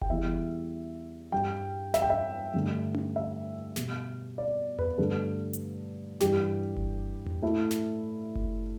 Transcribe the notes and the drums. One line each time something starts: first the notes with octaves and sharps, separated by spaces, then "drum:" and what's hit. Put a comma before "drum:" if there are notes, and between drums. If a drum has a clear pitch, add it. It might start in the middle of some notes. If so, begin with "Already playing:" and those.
G5, drum: kick F#1
E2 E3 G3 E5
G2 G3 G5
E5, drum: snare
G5
E5
G2 D3 A3
drum: tom C#4
E5
B2 G3, drum: snare
D5
B4, drum: tom E2
G2 D3 A3 A4
drum: hi-hat
G2 E3 G3 G4, drum: snare
drum: kick F#1
drum: tom E2
A2 A3 E4
drum: snare
drum: kick F#1